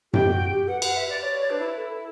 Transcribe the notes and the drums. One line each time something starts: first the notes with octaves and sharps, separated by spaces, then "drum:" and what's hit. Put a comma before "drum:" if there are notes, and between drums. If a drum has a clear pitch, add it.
G4 G5, drum: tom F#2
F#4
G4
B4 F#5
F#5, drum: cymbal
B4 E5
D5
C#5 D5
D5
D4 B4
E4
A4